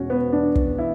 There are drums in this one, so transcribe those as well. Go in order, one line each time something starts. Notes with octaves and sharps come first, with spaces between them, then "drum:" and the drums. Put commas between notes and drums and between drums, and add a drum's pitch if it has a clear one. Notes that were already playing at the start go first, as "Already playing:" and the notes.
Already playing: E1 E2 B2 C#4 F#4
B3
D4
drum: kick
E4